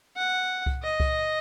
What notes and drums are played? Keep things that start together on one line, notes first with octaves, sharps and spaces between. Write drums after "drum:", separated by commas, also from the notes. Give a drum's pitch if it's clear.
F#5
drum: kick C2
D#5
drum: kick C2